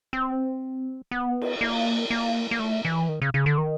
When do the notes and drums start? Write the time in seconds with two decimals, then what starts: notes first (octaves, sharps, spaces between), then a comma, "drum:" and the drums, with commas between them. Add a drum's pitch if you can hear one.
0.13 C4
1.11 B3
1.41 drum: cymbal
1.61 A#3
2.10 A#3
2.51 A#3
2.59 A3
2.85 E3
3.09 D#3
3.22 C#3
3.34 C#3
3.46 D3
3.58 D#3